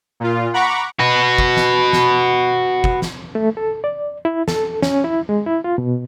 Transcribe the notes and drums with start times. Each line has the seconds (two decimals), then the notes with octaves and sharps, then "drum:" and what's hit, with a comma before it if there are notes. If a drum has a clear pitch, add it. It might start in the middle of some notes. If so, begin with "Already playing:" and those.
0.20 A#2 F4
0.54 F#5 A#5 B5 C#6 D6
0.99 F#4 B4
1.38 drum: kick
1.57 drum: snare
1.93 drum: snare
2.84 drum: kick
3.02 drum: snare
3.35 A3
3.57 A4
3.84 D5
4.25 E4
4.48 A4, drum: snare
4.82 C#4, drum: snare
5.04 E4
5.29 G#3
5.46 E4
5.64 F4
5.78 B2